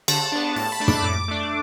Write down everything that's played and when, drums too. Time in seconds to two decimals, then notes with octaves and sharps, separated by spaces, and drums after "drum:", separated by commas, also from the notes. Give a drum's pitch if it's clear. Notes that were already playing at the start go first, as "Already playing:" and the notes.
0.08 D3 A5, drum: cymbal
0.32 B3 D4
0.56 A2 A5
0.72 B5
0.80 A3 D4
0.88 D6, drum: tom
1.04 A2
1.28 A3 D4